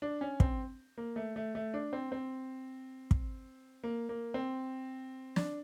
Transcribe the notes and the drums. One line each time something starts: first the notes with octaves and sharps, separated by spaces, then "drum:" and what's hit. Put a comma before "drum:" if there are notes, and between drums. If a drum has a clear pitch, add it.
D4
C#4
C4, drum: kick
A#3
A3
A3
A3
D4
C4
C4
drum: kick
A#3
A#3
C4
D4, drum: snare